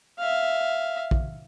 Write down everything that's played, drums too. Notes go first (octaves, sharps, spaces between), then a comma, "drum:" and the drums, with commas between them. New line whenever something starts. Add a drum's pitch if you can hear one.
E5 F5
drum: kick